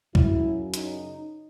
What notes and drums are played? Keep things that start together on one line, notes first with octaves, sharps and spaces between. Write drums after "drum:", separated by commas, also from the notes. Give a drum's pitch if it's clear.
F#2 C#3 F#3 E4, drum: kick C#2
D#4, drum: hi-hat